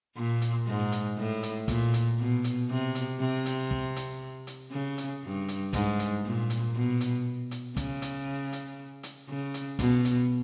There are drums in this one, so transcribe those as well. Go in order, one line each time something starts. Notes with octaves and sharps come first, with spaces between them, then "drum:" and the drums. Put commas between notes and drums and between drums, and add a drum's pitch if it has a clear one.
A#2
drum: hi-hat
G#2
drum: hi-hat
A2
drum: hi-hat
A#2, drum: kick, hi-hat
drum: hi-hat
B2
drum: hi-hat
C3
drum: hi-hat
C3
drum: hi-hat
drum: kick
drum: hi-hat
drum: hi-hat
C#3
drum: hi-hat
G2
drum: hi-hat
G#2, drum: kick, hi-hat
drum: hi-hat
A#2
drum: hi-hat
B2
drum: hi-hat
drum: hi-hat
C#3, drum: kick, hi-hat
drum: hi-hat
drum: hi-hat
drum: hi-hat
C#3
drum: hi-hat
B2, drum: kick, hi-hat
drum: hi-hat